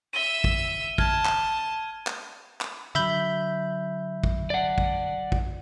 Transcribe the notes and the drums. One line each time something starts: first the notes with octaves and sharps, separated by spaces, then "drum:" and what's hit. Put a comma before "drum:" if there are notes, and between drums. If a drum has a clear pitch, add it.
E5 E6 D#7 G7
drum: kick
A5 F6 G#6, drum: kick
drum: clap
drum: clap
drum: clap
D3 F#3 E5 B5 G6
drum: kick
D5 F#5
drum: kick
drum: kick